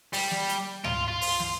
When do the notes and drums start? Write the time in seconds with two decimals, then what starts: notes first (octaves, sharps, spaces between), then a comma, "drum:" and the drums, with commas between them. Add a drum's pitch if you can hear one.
0.13 G3, drum: open hi-hat
0.31 drum: snare
0.49 drum: hi-hat
0.84 F4, drum: tom
1.08 F4
1.21 drum: open hi-hat
1.40 drum: snare